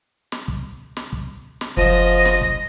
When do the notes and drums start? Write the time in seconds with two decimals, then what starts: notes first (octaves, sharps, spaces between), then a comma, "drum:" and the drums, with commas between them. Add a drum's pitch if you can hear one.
0.32 drum: snare
0.48 drum: kick
0.97 drum: snare
1.13 drum: kick
1.61 drum: snare
1.77 F#1 F3 D#5, drum: kick
2.25 drum: snare
2.42 drum: kick